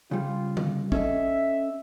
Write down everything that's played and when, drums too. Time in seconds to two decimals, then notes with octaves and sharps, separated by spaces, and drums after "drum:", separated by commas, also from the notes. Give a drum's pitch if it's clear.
0.11 C#3 G3 F4
0.57 drum: tom D3
0.92 C#4 A4 D#5 E5, drum: kick